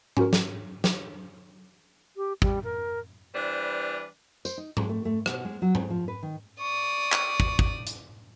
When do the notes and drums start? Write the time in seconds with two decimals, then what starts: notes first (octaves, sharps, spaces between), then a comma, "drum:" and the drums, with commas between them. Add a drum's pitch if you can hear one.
0.17 C#4 F#4 A#4, drum: tom G#2
0.33 drum: snare
0.84 drum: snare
2.17 G4
2.42 G3, drum: kick
2.64 A#4
3.34 E3 G3 D4 B4 C5
4.45 C5, drum: tambourine
4.58 D#4
4.77 G#3, drum: tom G#2
4.89 A3
5.05 A3
5.26 B2, drum: rim click
5.45 G#3
5.62 F#3
5.75 G#2, drum: tom G#2
5.90 F3
6.08 B4
6.23 D#3
6.61 D5 C#6 D#6
7.12 drum: clap
7.40 drum: kick
7.59 drum: kick
7.87 drum: hi-hat